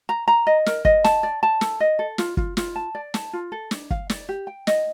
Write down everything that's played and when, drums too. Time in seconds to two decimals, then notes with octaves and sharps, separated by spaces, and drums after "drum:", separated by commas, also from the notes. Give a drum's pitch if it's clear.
0.09 A#5
0.28 A#5
0.47 D#5
0.66 A#4, drum: snare
0.85 D#5, drum: kick
1.04 A5, drum: snare
1.23 D5
1.43 A5
1.61 A4, drum: snare
1.80 D#5
1.99 A4
2.18 F4, drum: snare
2.37 F4, drum: kick
2.57 F4, drum: snare
2.76 A5
2.95 D5
3.14 A5, drum: snare
3.33 F4
3.52 A4
3.71 D4, drum: snare
3.91 F5, drum: kick
4.10 D5, drum: snare
4.29 G4
4.47 G5
4.67 D#5, drum: snare